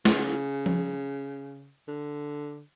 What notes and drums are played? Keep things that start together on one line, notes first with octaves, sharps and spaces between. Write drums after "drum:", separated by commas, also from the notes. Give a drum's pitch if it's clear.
C#3, drum: snare
drum: tom F3
D3